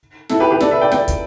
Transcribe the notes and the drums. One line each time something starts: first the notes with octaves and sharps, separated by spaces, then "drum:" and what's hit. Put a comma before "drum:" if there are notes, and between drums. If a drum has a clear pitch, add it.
E4 A4, drum: snare
G4 B4
G4 B4
A4 D5, drum: snare
B4 E5
D5 G5
D5 G5, drum: snare
drum: kick, hi-hat